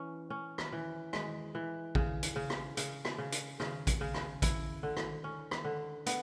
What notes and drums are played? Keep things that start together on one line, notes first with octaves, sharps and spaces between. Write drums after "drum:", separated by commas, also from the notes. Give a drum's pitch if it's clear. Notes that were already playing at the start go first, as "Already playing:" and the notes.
Already playing: E3 C#4
C#4
drum: rim click
E3
G#3, drum: rim click
E3
C#3, drum: kick
drum: hi-hat
C#3
drum: rim click
C#3, drum: hi-hat
drum: rim click
C#3
drum: hi-hat
C#3, drum: rim click
drum: kick, hi-hat
C#3
drum: rim click
E4, drum: kick, hi-hat
D3
drum: rim click
C#4
drum: rim click
D3
B3, drum: hi-hat